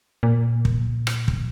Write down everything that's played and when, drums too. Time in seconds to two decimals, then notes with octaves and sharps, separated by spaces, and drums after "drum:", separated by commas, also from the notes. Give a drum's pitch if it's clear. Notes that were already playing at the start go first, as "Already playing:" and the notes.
0.23 A#2
0.65 drum: kick
1.07 drum: rim click
1.28 drum: kick